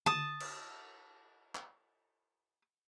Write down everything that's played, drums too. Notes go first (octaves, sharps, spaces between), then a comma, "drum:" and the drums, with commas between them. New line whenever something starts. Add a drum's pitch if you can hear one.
A5 D#6, drum: tom D3
drum: cymbal
drum: clap